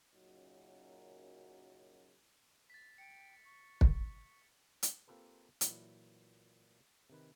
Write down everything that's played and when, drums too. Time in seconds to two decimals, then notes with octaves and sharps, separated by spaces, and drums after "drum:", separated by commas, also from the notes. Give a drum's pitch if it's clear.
0.14 F#2 A#2 C#3 F#3 D#4
2.70 A6 B6
2.98 G5 C#7
3.45 C#6
3.81 drum: kick
4.83 drum: hi-hat
5.07 A#3 C4 F4 G4 A4 B4
5.61 A#2 E3 F#3 E4, drum: hi-hat
7.10 C3 D#3 B4